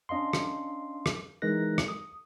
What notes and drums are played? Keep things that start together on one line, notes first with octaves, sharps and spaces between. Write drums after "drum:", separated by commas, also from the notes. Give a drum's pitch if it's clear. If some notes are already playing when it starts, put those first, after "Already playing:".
C#4 D4 D#5 F5 C6
drum: rim click
drum: rim click
E3 G#3 D#4 A#4 F#6 A#6
drum: rim click
D#6